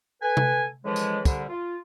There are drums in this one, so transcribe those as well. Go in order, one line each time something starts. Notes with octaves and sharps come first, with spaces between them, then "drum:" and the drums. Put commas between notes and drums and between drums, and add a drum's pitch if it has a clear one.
A4 B4 G#5
drum: tom C3
A2 C#3 E3 F3 G#3
drum: tambourine
C2 D3 G3, drum: kick, tambourine
F4